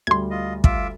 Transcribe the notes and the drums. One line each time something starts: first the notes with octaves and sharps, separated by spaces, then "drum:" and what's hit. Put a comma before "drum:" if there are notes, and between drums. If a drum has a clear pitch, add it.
D2 G3 C6 G#6
F4 D#5
F4 E5 D6, drum: kick